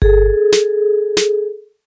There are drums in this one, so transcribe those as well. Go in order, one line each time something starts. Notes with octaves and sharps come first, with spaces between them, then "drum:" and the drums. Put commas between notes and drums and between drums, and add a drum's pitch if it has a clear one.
G#4 A4, drum: kick G1
drum: snare
drum: snare